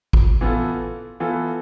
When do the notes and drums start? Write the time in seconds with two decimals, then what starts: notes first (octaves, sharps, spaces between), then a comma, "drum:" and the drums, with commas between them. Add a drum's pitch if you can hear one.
0.13 drum: kick G#1
0.41 E3 B3 F4 A4
1.20 E3 B3 F4 A4